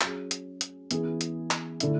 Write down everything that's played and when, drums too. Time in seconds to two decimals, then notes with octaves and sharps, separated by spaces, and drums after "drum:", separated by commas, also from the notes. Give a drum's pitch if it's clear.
0.01 F#3 C#4 G#4, drum: clap
0.31 drum: hi-hat
0.61 drum: hi-hat
0.91 E3 B3 E4 G#4, drum: hi-hat
1.21 drum: hi-hat
1.51 drum: clap
1.80 D3 A3 E4, drum: hi-hat